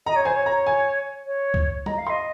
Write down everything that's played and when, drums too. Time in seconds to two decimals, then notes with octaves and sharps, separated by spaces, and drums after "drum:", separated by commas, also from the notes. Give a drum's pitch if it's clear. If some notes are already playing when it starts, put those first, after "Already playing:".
0.06 D#5 A#5
0.16 C#5
0.25 C5 G#5
0.36 C#5
0.46 A#5
0.67 G#5
1.26 C#5
1.54 drum: kick C#2
1.86 D#5 A#5, drum: tom
1.98 F5
2.07 C6
2.10 D#5